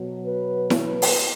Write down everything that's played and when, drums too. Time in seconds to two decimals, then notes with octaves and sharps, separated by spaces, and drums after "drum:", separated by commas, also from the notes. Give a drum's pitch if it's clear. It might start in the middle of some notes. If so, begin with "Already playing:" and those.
Already playing: B2 F#3
0.24 B4
0.70 B4, drum: snare E4
1.02 drum: open hi-hat